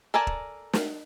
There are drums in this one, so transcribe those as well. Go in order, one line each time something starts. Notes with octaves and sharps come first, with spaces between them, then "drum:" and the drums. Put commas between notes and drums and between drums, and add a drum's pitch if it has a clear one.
A4 A#4 D5 G#5 A5
drum: kick
drum: snare